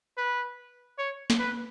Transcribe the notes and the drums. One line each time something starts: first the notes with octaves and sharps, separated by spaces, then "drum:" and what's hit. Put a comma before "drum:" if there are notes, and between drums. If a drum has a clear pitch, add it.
B4
C#5
drum: snare
B4